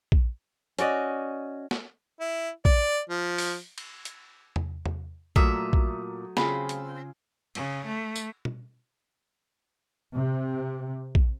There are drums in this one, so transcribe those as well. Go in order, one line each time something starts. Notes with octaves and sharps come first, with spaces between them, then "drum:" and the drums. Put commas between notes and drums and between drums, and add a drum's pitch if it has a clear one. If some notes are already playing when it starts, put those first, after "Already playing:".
drum: kick A#1
C#4 F#4 D5 D#5, drum: hi-hat
drum: snare
E4
D5, drum: kick A#1
F3
drum: open hi-hat
drum: cymbal
drum: hi-hat
drum: tom E2
drum: tom E2
A#2 F#3 A3 E5 D#6, drum: kick A#1
drum: kick A#1
C#3 C4 F4 G#4 B5, drum: snare
drum: hi-hat
C#3, drum: cymbal
A3
drum: tambourine
drum: tom
C3
drum: kick A#1